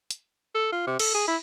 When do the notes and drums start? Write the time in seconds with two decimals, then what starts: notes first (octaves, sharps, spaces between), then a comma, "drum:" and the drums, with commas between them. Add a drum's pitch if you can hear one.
0.11 drum: hi-hat
0.55 A4
0.72 F4
0.87 C3
0.99 A4, drum: cymbal
1.14 G#4
1.28 E4